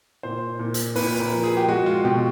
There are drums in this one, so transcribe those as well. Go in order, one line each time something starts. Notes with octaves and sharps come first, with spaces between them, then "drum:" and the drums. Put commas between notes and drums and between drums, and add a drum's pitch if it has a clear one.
A#2 C5
A#2
drum: hi-hat
A#2 B4, drum: open hi-hat
B4
A#4
F3
G#4
G4
G#3 F#4
F4
B2 G4